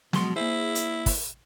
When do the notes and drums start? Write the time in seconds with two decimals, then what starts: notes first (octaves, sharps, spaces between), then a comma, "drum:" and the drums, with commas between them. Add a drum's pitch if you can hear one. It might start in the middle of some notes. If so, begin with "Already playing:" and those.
0.13 B2 F3 F#3 G#3 F#4 C6, drum: snare
0.36 A#3 E4 G#4 C5
0.75 drum: hi-hat
1.06 drum: kick, open hi-hat